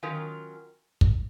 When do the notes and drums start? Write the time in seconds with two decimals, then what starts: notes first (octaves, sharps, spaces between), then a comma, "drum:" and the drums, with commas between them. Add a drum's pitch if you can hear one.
0.03 D#3 F#3 C#4 F4 A#4
1.01 drum: kick